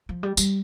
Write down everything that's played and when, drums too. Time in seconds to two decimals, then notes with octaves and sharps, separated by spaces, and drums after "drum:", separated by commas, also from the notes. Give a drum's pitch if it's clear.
0.09 F3
0.23 G3
0.37 G3, drum: tambourine